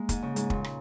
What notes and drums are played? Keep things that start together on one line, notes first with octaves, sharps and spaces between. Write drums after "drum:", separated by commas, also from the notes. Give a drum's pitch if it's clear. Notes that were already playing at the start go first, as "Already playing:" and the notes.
Already playing: G#3 A#3
G#2, drum: kick, hi-hat
C#3
G#2, drum: hi-hat
A#2, drum: kick
drum: rim click